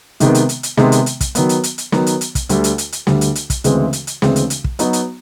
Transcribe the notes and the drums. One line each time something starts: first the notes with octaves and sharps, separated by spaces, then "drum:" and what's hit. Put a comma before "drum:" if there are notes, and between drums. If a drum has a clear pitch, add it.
C3 D#3 G#3 B3, drum: hi-hat
drum: hi-hat
drum: hi-hat
drum: hi-hat
C3 D#3 G#3 B3, drum: snare
drum: hi-hat
drum: hi-hat
drum: kick, hi-hat
D#3 F#3 B3, drum: hi-hat
drum: hi-hat
drum: hi-hat
drum: hi-hat
D#3 F#3 B3, drum: snare
drum: hi-hat
drum: hi-hat
drum: kick, hi-hat
D2 D3 G3, drum: hi-hat
drum: hi-hat
drum: hi-hat
drum: hi-hat
D2 D3 G3, drum: snare
drum: hi-hat
drum: hi-hat
drum: kick, hi-hat
D2 C#3 E3 G#3 C4, drum: hi-hat
drum: hi-hat
drum: hi-hat
D2 C#3 E3 G#3 C4, drum: snare
drum: hi-hat
drum: hi-hat
drum: kick
F#3 B3 D#4 F#4, drum: hi-hat
drum: hi-hat